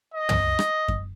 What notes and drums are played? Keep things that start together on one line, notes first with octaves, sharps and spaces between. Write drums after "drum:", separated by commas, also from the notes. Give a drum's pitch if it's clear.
D#5
drum: tom
drum: rim click
drum: kick F#2